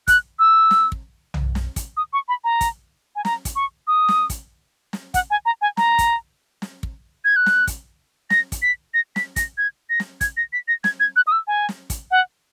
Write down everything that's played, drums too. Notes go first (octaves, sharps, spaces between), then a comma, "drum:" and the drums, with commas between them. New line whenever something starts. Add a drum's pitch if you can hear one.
F#6, drum: kick, hi-hat
E6
drum: snare
drum: kick
drum: tom
drum: snare
drum: kick, hi-hat
D#6
C#6
B5
A#5
drum: kick, hi-hat
G#5
A#5, drum: snare
drum: kick, hi-hat
C#6
D#6
drum: snare
drum: kick, hi-hat
drum: snare
F#5, drum: kick, hi-hat
G#5
A#5
G#5
A#5, drum: snare
drum: kick, hi-hat
drum: snare
drum: kick
G#6
F#6
drum: snare
drum: kick, hi-hat
A#6, drum: snare
drum: kick, hi-hat
B6
A#6
B6, drum: snare
A#6, drum: kick, hi-hat
G#6
A#6
drum: snare
G#6, drum: kick, hi-hat
A#6
B6
A#6
G#6, drum: snare
G#6
F#6
D#6
E6
G#5
drum: snare
drum: kick, hi-hat
F#5